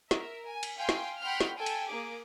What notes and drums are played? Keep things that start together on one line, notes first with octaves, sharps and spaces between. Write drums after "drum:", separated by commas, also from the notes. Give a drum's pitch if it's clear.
A#4 E5, drum: snare
G#5
drum: cymbal
F5 G5 G#5 C6
drum: snare
F#5 G5 B5 C6 F6 G6
drum: snare
A4 G5 G#5
drum: cymbal
A#3 G#4 D6